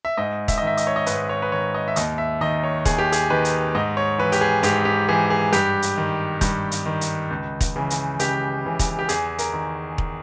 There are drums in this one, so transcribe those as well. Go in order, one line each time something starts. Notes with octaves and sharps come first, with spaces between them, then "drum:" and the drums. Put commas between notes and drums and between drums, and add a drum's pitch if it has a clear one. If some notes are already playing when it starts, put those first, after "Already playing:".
E5
G#2 D#5
E5, drum: kick E1, hi-hat
D#3 D#5
E5
D#5, drum: hi-hat
C#5
D#5
G#2 B4, drum: hi-hat
C#5
B4
D#3 C#5
D#5
E5
D#2 D#5, drum: hi-hat
E5
D#3 D#5
C#5
D#2 G#4, drum: kick E1, hi-hat
G4
G#4, drum: hi-hat
D#3 B4
drum: hi-hat
G#2 D#5
C#5
E3 B4
G4, drum: hi-hat
G#4
G#2 G4, drum: hi-hat
G4
E3 G#4
G#4
G2 G4, drum: hi-hat
drum: hi-hat
D#3
G2, drum: kick E1, hi-hat
drum: hi-hat
D#3
drum: hi-hat
C#2
drum: kick E1, hi-hat
C#3 E3
drum: hi-hat
C#2 G4, drum: hi-hat
C#3 E3
drum: kick E1, hi-hat
G4
E2 G#4, drum: hi-hat
A#4, drum: hi-hat
D#3
drum: kick E1